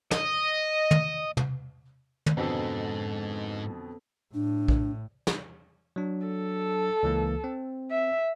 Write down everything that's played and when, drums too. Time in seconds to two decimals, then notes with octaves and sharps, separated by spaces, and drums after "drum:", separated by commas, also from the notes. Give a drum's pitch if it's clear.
0.11 D#5, drum: snare
0.91 drum: tom
1.37 drum: tom
2.26 drum: tom
2.37 F2 G#2 B2 D3 B3 C4 A4
4.34 A2 D4
4.68 drum: kick A#1
5.27 drum: snare
5.96 F#3 D4
6.27 A4
7.03 C#2 E3 A#3
7.44 C4
7.91 E5